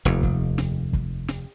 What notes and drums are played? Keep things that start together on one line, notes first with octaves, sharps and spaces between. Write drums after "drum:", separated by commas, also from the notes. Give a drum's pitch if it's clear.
F1 D#2
drum: kick
drum: snare
drum: kick
drum: snare